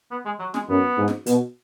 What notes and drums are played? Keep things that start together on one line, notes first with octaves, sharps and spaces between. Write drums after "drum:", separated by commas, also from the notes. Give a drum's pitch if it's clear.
B3
G#3
F#3
G#3, drum: snare
F#2 B3
G#2
drum: snare
B2, drum: hi-hat